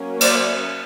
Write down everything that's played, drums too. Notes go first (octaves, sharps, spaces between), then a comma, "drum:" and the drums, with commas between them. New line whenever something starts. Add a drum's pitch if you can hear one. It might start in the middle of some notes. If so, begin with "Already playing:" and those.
Already playing: F#3 A#3 C#4
C5 D5, drum: cymbal